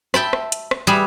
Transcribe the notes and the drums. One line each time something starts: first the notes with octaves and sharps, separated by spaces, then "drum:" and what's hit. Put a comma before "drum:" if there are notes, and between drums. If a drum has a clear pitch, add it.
E5 G5 A5 B5, drum: rim click
drum: rim click
drum: hi-hat
drum: rim click
G3 G#4 B4 E5